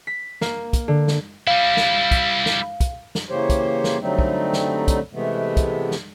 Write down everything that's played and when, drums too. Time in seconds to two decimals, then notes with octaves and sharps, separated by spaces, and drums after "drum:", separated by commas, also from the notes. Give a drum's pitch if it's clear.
0.07 B6
0.41 A#3, drum: snare
0.73 drum: kick, hi-hat
0.88 D3
1.08 drum: snare
1.47 G3 E4 F5
1.77 drum: snare
2.11 drum: kick, hi-hat
2.46 drum: snare
2.80 drum: kick, hi-hat
3.15 drum: snare
3.30 C#3 E3 A#3 G4 C5 C#5
3.50 drum: kick, hi-hat
3.84 drum: snare
4.01 D3 F#3 G3 A3 C4 D#4
4.19 drum: kick
4.53 drum: snare
4.88 drum: kick, hi-hat
5.13 C3 E3 G#3 A3 B3
5.57 drum: kick, hi-hat
5.91 drum: snare